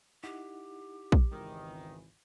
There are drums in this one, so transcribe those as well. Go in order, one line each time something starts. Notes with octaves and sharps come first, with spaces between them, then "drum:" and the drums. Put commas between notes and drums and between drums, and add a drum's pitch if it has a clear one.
D#4 E4 G4 F#5
drum: kick A#1
G#1 C#2 D#3 E3 G#3